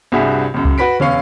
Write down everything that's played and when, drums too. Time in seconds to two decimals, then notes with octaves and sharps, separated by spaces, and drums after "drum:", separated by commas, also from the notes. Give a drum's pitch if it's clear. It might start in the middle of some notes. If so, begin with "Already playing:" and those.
0.12 C2 G2 F#4 G#4 E5
0.54 C#2 F#2
0.65 drum: kick C2
0.78 F#4 B4 B6 D7
1.00 E1 C#4 F5 C#6, drum: tom